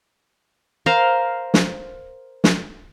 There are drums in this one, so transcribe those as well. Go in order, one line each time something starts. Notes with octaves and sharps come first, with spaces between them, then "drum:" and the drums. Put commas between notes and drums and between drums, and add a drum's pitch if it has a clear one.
A#4 C5 F5 A#5
drum: snare
drum: snare